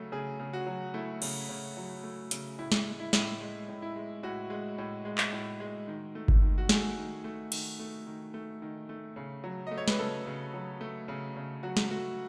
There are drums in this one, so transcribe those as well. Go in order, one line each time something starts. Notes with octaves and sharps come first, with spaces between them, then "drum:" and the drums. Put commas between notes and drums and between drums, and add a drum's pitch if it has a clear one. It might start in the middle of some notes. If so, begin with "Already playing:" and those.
Already playing: C#3 F#3 A3
C#3 G#4
C#3
F#4
F#3
A3 E4
C#3, drum: cymbal
C#3
F#3
A3
C#3, drum: hi-hat
A2 E4
drum: snare
G#3
E4
A2, drum: snare
G#3
A2
E4
G#3
A2 F#4
G#3
A2
G#3
drum: clap
A2
G#3
D#3
A3
drum: kick G1
D#3
F#4
A3 G#4, drum: snare
D#3
A3
D#3, drum: cymbal
A3
D#3
A3
D#3
A3
C#3
F#3
A3 D#5
C#5
B4, drum: snare
C#3 A4
C#3
F#3
A3
C#3
C#3
F#3 F#4
drum: snare
A3 F#4